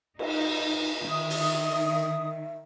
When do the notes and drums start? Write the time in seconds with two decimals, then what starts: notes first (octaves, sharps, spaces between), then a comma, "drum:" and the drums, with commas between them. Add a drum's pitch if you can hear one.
0.19 D#4, drum: cymbal
1.10 D#3 E5 D#6
1.30 drum: open hi-hat